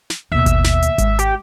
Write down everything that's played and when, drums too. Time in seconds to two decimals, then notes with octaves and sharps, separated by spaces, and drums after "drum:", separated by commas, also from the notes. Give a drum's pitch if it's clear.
0.10 drum: snare
0.32 D#2 B2 E5
0.46 drum: kick G#1, hi-hat
0.64 drum: snare
0.82 drum: hi-hat
0.98 G#3, drum: kick G#1, hi-hat
1.19 G4, drum: hi-hat